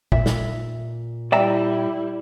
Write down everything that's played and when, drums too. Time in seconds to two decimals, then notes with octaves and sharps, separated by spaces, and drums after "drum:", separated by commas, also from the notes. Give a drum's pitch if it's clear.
0.12 A#2 E5, drum: kick
0.26 drum: snare
1.32 G3 E4 D5 E5 G5 A#5